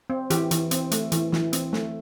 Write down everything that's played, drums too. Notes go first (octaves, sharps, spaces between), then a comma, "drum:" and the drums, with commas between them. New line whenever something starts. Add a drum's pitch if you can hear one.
C4
E3 G4, drum: hi-hat
E3, drum: hi-hat
C4, drum: hi-hat
A3, drum: hi-hat
E3, drum: hi-hat
E3, drum: snare
C4, drum: hi-hat
A3, drum: snare